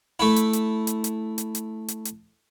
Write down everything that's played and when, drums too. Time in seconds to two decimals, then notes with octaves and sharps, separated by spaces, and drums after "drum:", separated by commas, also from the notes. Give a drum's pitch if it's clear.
0.20 A3 E4
0.36 drum: hi-hat
0.53 drum: hi-hat
0.87 drum: hi-hat
1.04 drum: hi-hat
1.38 drum: hi-hat
1.55 drum: hi-hat
1.88 drum: hi-hat
2.05 drum: hi-hat